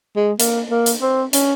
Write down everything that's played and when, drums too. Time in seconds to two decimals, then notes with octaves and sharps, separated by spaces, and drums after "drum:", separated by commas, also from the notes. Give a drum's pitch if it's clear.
0.16 G#3
0.40 A#3, drum: hi-hat
0.71 A#3
0.86 drum: hi-hat
1.02 C4
1.33 C#4, drum: hi-hat